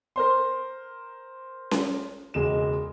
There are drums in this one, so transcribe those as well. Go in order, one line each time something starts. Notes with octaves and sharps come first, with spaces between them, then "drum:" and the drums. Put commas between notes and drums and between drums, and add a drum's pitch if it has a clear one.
A#4 C5 C6
drum: snare C#4
E1 C#2 G#3 E7